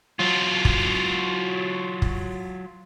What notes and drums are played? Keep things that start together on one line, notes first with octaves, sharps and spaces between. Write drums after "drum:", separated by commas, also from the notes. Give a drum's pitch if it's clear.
F#3 F4
drum: kick
drum: kick